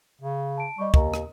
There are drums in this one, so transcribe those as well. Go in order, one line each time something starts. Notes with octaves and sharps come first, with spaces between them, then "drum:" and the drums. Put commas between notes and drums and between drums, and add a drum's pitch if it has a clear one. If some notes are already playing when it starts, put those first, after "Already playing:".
C#3
A5 D7
G3 D#5 C#6
D#2 A#4 D#5 A#5, drum: kick
drum: rim click